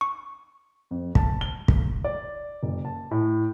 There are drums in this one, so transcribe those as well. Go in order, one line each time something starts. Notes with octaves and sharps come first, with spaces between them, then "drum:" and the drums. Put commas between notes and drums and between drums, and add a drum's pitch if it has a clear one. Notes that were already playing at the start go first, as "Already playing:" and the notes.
C#6
F2
A5, drum: kick
G7
drum: kick
D5
F#1
A5
A2